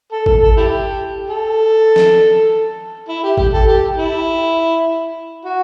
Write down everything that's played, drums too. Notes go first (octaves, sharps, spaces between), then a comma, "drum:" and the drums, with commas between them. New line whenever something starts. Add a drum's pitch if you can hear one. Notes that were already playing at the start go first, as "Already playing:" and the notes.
A4
A4, drum: kick G#1
A4
E4 G4
A4
drum: snare
E4
G4
G4, drum: kick G#1
A4
G4
E4
F#4